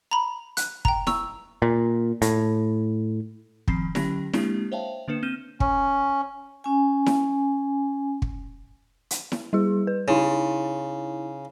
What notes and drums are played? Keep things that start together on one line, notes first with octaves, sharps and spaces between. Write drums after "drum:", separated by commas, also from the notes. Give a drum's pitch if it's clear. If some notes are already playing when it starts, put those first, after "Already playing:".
A#5 B5
F#6, drum: hi-hat
G5 A#5, drum: kick
A#5 C#6 E6, drum: snare E4
A#2
A2, drum: hi-hat
D#3 F3 C4 B5 C7, drum: kick
D3 F#3 C#4 G4 B5 A#6, drum: snare E4
G#3 A#3 C4 D4 E4 G4, drum: snare E4
C5 C#5 E5 F5 G5 A5
D3 A#3 D4 B4 C#7 E7
C4 F6 G6 D#7 E7 G7
C#4, drum: kick
C#4 G#5
drum: snare E4
drum: kick
drum: hi-hat
drum: snare E4
G3 E4 G#4
B4
C#3 D#4 E4 C#5